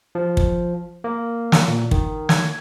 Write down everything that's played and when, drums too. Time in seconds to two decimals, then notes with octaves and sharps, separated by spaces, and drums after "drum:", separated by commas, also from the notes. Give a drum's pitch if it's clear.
0.15 F3
0.37 drum: kick
1.04 A#3
1.52 drum: snare
1.67 A#2
1.91 D#3, drum: kick
2.29 G#6, drum: snare